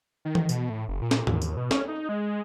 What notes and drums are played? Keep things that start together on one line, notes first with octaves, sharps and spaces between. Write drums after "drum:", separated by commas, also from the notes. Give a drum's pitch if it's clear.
D#3
drum: tom E3
B2, drum: tambourine
A2
F#1
A#2
drum: snare
D#2, drum: tom G#2
drum: tambourine
B2
C#4, drum: snare
D#4
G#3